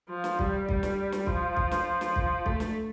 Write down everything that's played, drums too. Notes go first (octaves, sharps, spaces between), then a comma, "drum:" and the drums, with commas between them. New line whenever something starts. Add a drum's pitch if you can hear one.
F3
drum: snare
G3, drum: kick
G3, drum: kick
drum: snare
drum: snare
F3, drum: kick
drum: kick
drum: snare
drum: snare
drum: kick
A3, drum: kick
drum: snare